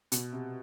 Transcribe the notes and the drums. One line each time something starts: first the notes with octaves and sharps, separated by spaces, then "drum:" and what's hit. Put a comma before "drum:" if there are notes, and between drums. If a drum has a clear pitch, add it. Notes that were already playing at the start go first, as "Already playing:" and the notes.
B2, drum: hi-hat
C3